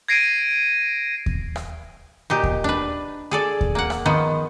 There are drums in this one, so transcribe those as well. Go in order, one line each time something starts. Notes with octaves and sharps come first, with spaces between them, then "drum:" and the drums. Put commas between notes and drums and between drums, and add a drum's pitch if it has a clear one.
G#6 A#6 C7 D7 D#7
drum: kick D#2
drum: rim click
A#2 D#4 G4
drum: kick D#2
D4 B4
G#4 A4 D5
drum: kick D#2
A#3 F#5
drum: rim click
D#3 F3 B3